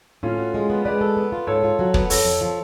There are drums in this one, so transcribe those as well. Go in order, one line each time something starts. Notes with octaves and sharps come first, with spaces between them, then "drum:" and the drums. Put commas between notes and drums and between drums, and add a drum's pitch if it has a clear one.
A2 C#4 F4
F#4
G#3
B3
G#3 B4 D5
A4
B3
F4
G#2 A4 C#5
F4
F#3
B3, drum: kick
F2 A4 C#5, drum: open hi-hat
F2
F3